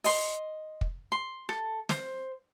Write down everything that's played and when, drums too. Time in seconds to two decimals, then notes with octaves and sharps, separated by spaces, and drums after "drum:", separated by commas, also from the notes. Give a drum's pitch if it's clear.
0.04 D#5 C6, drum: open hi-hat
0.81 drum: kick
1.12 C6
1.49 A4, drum: rim click
1.89 C5, drum: snare